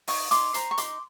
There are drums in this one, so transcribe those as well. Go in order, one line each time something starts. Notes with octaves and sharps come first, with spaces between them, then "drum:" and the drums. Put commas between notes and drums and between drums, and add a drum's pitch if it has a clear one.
D#4 C#6 D#6, drum: open hi-hat
D#4 C6 D6, drum: hi-hat
C5 A#5 C6, drum: hi-hat
C#6
D#4 C6 D6, drum: hi-hat